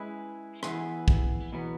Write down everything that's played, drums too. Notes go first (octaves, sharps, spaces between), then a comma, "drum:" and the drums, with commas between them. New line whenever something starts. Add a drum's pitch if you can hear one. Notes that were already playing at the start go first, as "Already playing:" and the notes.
Already playing: G#3 C#4 E4 G#4 B4
E3 B3 E4 G#4 B4, drum: rim click
drum: kick
E2 B2 F#3 B3